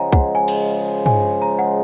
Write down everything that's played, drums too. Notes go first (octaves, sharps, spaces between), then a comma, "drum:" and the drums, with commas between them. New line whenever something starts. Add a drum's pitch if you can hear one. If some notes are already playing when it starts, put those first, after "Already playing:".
Already playing: C#3 F3 G#3 F#5 G#5 A#5
F#5, drum: kick C2
G#5
drum: cymbal
G#5, drum: tom
A#5
F#5